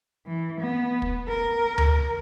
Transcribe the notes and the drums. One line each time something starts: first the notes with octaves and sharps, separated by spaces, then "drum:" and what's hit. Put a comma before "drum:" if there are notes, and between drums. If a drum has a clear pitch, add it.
E3
B3
drum: kick
A#4
drum: tom D2